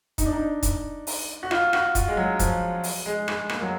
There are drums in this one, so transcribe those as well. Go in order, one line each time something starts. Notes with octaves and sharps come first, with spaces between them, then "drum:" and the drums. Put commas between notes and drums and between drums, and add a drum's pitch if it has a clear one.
D#4, drum: kick, hi-hat
D4
D#4
drum: kick, hi-hat
drum: open hi-hat
F#4
F4, drum: rim click
F#4, drum: rim click
F4, drum: kick, hi-hat
G#3
F#3
F3, drum: kick, hi-hat
drum: open hi-hat
G#3
G#3, drum: rim click
A#3, drum: rim click
F#3